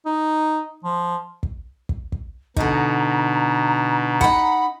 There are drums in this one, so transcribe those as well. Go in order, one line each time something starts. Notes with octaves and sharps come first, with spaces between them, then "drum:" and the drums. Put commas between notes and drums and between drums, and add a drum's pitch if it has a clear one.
D#4
F3
drum: kick
drum: kick
drum: kick
B2 D3 D#4 A#5, drum: kick
D#4 F#5 B5, drum: kick